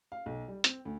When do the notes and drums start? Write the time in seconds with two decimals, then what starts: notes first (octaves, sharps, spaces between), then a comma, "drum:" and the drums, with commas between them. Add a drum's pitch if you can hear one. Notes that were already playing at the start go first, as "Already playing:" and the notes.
0.12 F5
0.26 B1
0.48 G3
0.64 C4, drum: hi-hat
0.85 D2